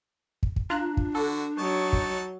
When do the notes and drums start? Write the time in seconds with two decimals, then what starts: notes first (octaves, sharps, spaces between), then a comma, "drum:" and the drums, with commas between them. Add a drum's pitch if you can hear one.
0.43 drum: kick
0.56 drum: kick
0.70 D4 F4 A#5 F#6
0.97 drum: kick
1.15 D3 F#4 A4
1.58 F#3 D#4 A5 C#6
1.93 drum: kick